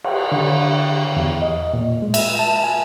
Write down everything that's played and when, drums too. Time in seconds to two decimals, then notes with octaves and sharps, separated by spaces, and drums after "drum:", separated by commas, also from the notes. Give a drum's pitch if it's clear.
0.04 drum: cymbal
0.32 D3
1.16 E2
1.42 D#5
1.73 A#2
2.02 G#3
2.14 E5, drum: cymbal
2.39 A5
2.63 G#5